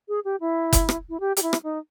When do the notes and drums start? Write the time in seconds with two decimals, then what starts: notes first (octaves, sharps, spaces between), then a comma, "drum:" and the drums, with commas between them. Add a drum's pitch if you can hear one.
0.09 G#4
0.25 G4
0.40 E4
0.73 drum: kick F#1, hi-hat
0.89 drum: rim click
1.09 E4
1.20 G4
1.37 G4, drum: hi-hat
1.43 E4
1.53 drum: rim click
1.64 D#4